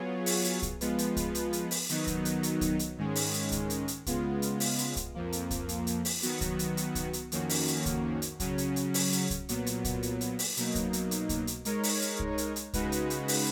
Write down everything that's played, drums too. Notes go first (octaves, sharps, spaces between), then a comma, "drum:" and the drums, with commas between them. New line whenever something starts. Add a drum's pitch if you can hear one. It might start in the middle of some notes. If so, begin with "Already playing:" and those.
Already playing: F#3 B3 F4 G#4 C#5
drum: open hi-hat
drum: hi-hat
drum: kick C2, hi-hat
F3 G#3 B3 F4 B4, drum: hi-hat
drum: hi-hat
drum: kick C2, hi-hat
drum: hi-hat
drum: hi-hat
drum: open hi-hat
D#3 F#3 B3 D#4, drum: hi-hat
drum: kick C2, hi-hat
drum: hi-hat
drum: hi-hat
drum: kick C2, hi-hat
drum: hi-hat
G#2 D#3 G#3 C#4
drum: open hi-hat
drum: hi-hat
drum: kick C2, hi-hat
drum: hi-hat
drum: hi-hat
C#3 G#3 B3 F4, drum: kick C2, hi-hat
drum: hi-hat
drum: open hi-hat
drum: hi-hat
drum: kick C2, hi-hat
F2 F3 A#3
drum: hi-hat
drum: kick C2, hi-hat
drum: hi-hat
drum: hi-hat
drum: open hi-hat
D#3 F#3 B3 F#4, drum: hi-hat
drum: kick C2, hi-hat
drum: hi-hat
drum: hi-hat
drum: kick C2, hi-hat
drum: hi-hat
F2 D#3 A#3 C#4 F#4, drum: hi-hat
drum: open hi-hat
drum: hi-hat
drum: kick C2, hi-hat
drum: hi-hat
C#3 F#3 C#4, drum: kick C2, hi-hat
drum: hi-hat
drum: hi-hat
drum: open hi-hat
drum: hi-hat
drum: kick C2, hi-hat
A#2 F#3 B3, drum: hi-hat
drum: hi-hat
drum: kick C2, hi-hat
drum: hi-hat
drum: hi-hat
drum: open hi-hat
B2 F#3 A#3 D#4, drum: hi-hat
drum: kick C2, hi-hat
drum: hi-hat
drum: hi-hat
drum: kick C2, hi-hat
drum: hi-hat
G#3 D#4 A#4 C#5, drum: hi-hat
drum: open hi-hat
drum: hi-hat
drum: kick C2
drum: hi-hat
drum: hi-hat
C#3 G#3 D#4 F#4 B4, drum: kick C2, hi-hat
drum: hi-hat
drum: hi-hat
drum: open hi-hat